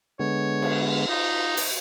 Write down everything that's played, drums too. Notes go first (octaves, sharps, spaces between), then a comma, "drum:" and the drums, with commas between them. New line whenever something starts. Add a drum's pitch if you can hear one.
D3 G#3 B3 C#5
drum: cymbal
D#4 F4
drum: open hi-hat